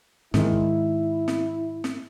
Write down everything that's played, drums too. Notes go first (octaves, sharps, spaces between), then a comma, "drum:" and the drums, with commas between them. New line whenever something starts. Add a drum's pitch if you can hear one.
G#2 D#3 E4, drum: snare
drum: kick
drum: snare
drum: snare